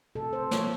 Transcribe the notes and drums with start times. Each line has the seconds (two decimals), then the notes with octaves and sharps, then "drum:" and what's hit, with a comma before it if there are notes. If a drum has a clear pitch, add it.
0.15 C3 A4
0.33 C5
0.51 F3 A#3 C#5, drum: snare